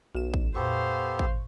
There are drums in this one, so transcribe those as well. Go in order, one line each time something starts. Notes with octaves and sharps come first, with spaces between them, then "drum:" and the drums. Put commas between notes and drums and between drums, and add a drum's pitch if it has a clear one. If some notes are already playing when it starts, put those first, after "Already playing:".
B1 F#4 E7
drum: kick
F2 A#2 B3 G4 A4 C5 F5 C#6
drum: kick